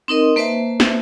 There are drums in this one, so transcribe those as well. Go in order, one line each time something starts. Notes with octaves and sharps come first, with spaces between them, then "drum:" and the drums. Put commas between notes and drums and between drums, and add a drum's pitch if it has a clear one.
C4 D#4 A#4 D#5
A#3 B4 C5 E5 A5
drum: snare